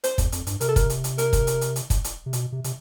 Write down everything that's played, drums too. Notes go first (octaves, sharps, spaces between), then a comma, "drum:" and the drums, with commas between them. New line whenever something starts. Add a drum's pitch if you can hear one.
C5, drum: hi-hat
E2, drum: kick, hi-hat
F2, drum: hi-hat
G2, drum: hi-hat
C3 A#4, drum: hi-hat
A4
A#4, drum: kick, hi-hat
drum: hi-hat
drum: hi-hat
A#4, drum: hi-hat
drum: kick, hi-hat
drum: hi-hat
drum: hi-hat
drum: hi-hat
drum: kick, hi-hat
drum: hi-hat
C3
B2, drum: hi-hat
C3
C3, drum: hi-hat